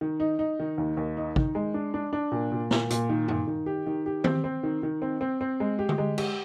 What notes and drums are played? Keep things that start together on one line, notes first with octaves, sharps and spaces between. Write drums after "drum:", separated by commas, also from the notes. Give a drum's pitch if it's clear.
D#3
D#4
D#4
D#3
D#2
D#2
D#4
D#3, drum: kick
G#3
D4
D4
D4
A#2
A#2
A#2, drum: snare
A#2, drum: hi-hat
D#3
D#3, drum: tom F#2
D#3
G4
D#3
G4
C4, drum: tom D#3
C4
D#3
D#3
C4
C4
C4
G#3
G4
drum: tom D3
G#3
G4, drum: cymbal